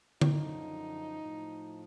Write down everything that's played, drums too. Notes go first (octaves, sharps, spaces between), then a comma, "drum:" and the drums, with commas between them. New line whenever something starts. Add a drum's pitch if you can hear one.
F#2 D3 F3 D#4, drum: tom D3
A2 F3